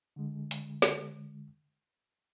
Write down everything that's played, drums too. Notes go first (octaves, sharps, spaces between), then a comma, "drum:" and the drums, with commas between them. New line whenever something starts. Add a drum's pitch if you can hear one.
D3 G#3
drum: hi-hat
drum: snare